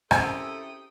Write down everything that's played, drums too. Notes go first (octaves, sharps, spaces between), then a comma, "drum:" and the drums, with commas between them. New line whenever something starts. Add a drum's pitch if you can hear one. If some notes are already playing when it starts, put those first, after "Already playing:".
C#3 C4 E4 G4 A4 A#4 G5 D#6, drum: rim click